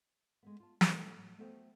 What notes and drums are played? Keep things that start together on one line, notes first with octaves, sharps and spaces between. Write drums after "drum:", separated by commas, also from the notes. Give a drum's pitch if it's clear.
G#3 A3 B3
F4 A5
B2 D#3 A3 C#4 F#4, drum: snare
A2 F#3
A3 B3 F#4 A4 C5 G5